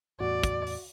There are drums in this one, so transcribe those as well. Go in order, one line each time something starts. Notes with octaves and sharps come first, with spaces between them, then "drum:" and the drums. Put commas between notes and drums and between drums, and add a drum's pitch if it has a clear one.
E2 A2 F#4 D5
drum: kick, hi-hat
drum: open hi-hat